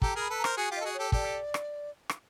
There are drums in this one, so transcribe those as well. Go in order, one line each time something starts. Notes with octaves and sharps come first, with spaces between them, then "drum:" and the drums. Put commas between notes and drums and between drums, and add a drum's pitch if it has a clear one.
G4 A4 A#5, drum: kick
G#4 A#4 B5
A4 B4
A#5
A#4 C5, drum: rim click
F#4 G#4 G#5
F4 G4
A4 D#5
F#4 G#4
G4 A4 C#5
G4 A4 D5, drum: kick
drum: rim click
drum: rim click